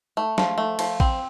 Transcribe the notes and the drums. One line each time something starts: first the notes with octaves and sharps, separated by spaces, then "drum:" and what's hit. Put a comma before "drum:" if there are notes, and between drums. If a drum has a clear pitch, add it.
A3
F3, drum: snare
A3
F3, drum: cymbal
C4, drum: kick